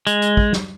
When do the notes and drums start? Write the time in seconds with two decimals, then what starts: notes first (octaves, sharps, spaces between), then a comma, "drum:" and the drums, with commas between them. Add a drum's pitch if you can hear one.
0.07 G#3, drum: hi-hat
0.22 drum: hi-hat
0.37 drum: kick
0.53 drum: snare